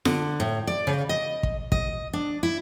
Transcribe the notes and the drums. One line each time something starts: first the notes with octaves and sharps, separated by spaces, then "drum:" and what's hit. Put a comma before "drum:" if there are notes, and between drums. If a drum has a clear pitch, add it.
D3, drum: snare
A2
D5
C#3
D#5
drum: kick
D#5, drum: kick
D4
E4